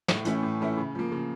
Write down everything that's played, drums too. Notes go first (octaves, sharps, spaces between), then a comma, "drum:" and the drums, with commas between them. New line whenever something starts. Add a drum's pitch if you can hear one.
A2, drum: snare
E3 A3 C#4 E4, drum: hi-hat
A2
E3 A3 C#4 E4
C#3
F3 A#3
C#3